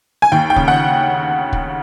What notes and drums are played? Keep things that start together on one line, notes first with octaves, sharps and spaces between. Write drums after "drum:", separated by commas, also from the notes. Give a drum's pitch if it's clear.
G#5
D#2 G5
G5
C#3, drum: kick
F#5
drum: kick